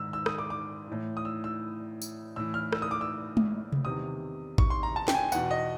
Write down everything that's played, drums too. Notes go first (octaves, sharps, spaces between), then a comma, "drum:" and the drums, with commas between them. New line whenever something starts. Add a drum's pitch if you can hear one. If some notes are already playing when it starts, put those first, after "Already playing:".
Already playing: G#2 D#3 E6
E6
D#6, drum: rim click
D6
D6
A2 E3
D#6
E6
E6
drum: tambourine
A2 E3 E6
F6
E6, drum: rim click
D#6
D6
E6
drum: tom G#3
drum: tom C3
E2 C3 D#3 D#6
C#6, drum: kick
C6
A#5
A5
G5, drum: snare
G#5
E2 B2 F#5, drum: tambourine
D#5